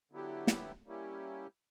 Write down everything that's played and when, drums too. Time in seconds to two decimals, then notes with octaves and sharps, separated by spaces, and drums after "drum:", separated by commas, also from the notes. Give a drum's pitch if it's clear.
0.12 D3 F#3 B3 E4 G4
0.47 drum: snare
0.86 G3 A#3 C#4 E4 G4